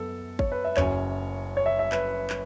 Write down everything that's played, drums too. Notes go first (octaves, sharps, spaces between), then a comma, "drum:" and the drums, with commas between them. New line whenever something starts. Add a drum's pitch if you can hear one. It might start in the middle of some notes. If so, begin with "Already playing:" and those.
Already playing: F#2 B3 A4
C#5, drum: kick G#1
B4
E5
F#1 F#2 F#3 C#4 C#5, drum: clap
C#5
E5
E5
B4, drum: clap
drum: clap